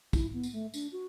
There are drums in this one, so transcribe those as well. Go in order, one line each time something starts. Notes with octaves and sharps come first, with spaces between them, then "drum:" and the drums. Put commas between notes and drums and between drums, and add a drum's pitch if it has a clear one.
E4, drum: kick, tambourine
B3
drum: tambourine
A3
D4, drum: tambourine
F#4